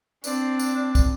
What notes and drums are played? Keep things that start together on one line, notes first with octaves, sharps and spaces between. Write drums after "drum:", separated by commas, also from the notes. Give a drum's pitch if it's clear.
C4 D4 D5, drum: tambourine
drum: tambourine
drum: kick, tambourine